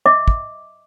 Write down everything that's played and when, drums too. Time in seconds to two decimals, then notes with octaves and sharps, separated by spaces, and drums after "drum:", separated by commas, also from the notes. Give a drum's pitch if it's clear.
0.06 D#5 E5 D6
0.28 drum: kick